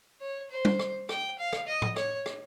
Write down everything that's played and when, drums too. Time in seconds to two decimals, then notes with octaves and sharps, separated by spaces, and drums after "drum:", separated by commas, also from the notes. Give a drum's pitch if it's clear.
0.20 C#5
0.50 C5
0.65 drum: tom G3
0.79 drum: rim click
1.09 G5, drum: rim click
1.39 F5
1.53 drum: rim click
1.67 D#5
1.82 drum: tom A2
1.96 C#5, drum: rim click
2.26 drum: rim click